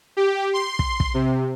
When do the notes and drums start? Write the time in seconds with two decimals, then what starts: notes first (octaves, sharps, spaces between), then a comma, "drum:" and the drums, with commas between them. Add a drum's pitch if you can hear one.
0.17 G4
0.53 C6
0.79 drum: kick
1.00 drum: kick
1.14 C3